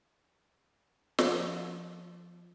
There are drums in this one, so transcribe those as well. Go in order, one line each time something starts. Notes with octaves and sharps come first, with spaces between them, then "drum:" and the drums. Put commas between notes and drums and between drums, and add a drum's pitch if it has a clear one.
F3, drum: snare